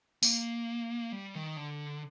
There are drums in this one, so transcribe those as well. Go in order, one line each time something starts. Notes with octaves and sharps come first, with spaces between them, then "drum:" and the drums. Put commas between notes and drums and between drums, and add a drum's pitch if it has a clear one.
A#3, drum: tambourine
G3
D#3
D3